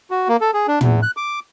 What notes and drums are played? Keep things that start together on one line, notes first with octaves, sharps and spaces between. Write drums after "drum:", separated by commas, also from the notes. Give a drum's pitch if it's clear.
F#4
A#3
A4
G#4
D4
E2, drum: tom
F#6
D6